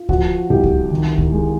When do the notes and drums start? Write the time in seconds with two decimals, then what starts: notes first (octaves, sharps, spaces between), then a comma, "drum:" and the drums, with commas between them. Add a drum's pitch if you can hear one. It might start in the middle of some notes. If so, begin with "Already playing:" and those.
Already playing: F4
0.09 F3 F#4, drum: kick C#2
0.50 C2 G4
0.63 drum: kick C#2
0.91 D#3
1.18 drum: kick C#2
1.32 G#3